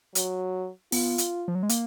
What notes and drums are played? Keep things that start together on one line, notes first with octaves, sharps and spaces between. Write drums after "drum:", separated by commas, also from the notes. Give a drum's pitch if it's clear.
F#3, drum: hi-hat
B3 F4, drum: open hi-hat
drum: hi-hat
F3
F#3
G#3
A#3, drum: hi-hat